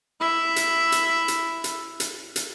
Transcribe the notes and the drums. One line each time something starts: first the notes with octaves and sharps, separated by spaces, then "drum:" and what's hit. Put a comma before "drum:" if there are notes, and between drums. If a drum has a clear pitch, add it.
E4 E5
drum: hi-hat
drum: hi-hat
drum: hi-hat
drum: hi-hat
drum: hi-hat
drum: hi-hat